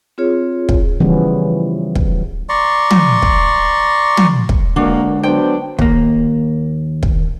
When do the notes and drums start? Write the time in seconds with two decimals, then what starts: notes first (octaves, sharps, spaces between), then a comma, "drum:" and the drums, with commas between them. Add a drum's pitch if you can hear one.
0.18 C4 F4 G#4 C#5
0.69 drum: kick
1.00 C#3 E3 F3 G3 B3 C#4
1.95 drum: kick
2.49 D5 A#5 C6 C#6
2.90 drum: tom
3.22 drum: kick
4.17 drum: tom
4.49 drum: kick
4.76 D3 G#3 A#3 D4 F#4
5.23 F#3 B3 D4 C5 G5
5.79 D#2 A#3, drum: kick
7.03 drum: kick